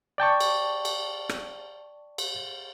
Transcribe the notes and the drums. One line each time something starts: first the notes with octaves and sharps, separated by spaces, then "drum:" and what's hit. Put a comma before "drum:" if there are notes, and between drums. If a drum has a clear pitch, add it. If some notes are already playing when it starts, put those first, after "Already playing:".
D5 G5 A5 C#6
drum: cymbal
drum: cymbal
drum: rim click
drum: cymbal